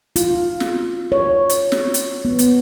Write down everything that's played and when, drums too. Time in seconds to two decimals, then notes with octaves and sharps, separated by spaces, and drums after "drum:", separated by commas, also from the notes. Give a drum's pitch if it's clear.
0.16 F4, drum: hi-hat
0.60 drum: snare
1.12 C#5
1.49 drum: hi-hat
1.72 drum: snare
1.94 drum: hi-hat
2.25 B3
2.39 drum: hi-hat